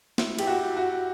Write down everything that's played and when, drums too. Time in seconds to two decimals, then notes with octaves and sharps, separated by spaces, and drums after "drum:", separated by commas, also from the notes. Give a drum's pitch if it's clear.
0.18 E4, drum: snare
0.39 G4, drum: cymbal
0.47 F#4
0.77 F#4